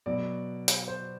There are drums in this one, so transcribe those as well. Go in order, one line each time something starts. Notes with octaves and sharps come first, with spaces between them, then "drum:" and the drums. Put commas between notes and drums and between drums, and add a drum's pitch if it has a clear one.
B2 F#3 D5
drum: hi-hat
C5